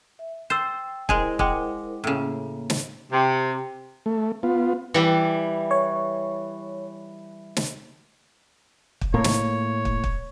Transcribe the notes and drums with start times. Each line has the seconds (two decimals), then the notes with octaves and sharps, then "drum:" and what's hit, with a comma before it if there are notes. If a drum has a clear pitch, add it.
0.19 E5
0.50 C5 G5 E6 A6 C7
1.09 G#3 E4 G#4 A#4 C5 G#5, drum: kick
1.39 G#3 F#5 G5 D6, drum: kick
2.04 A2 C#3 A#3
2.70 drum: snare
3.12 C3
4.06 A3
4.43 B3 F4
4.94 E3 G3 E4
5.71 C#5
7.57 drum: snare
9.01 drum: kick
9.14 A2 A#3 C#5
9.24 drum: snare
9.85 drum: kick
10.04 drum: kick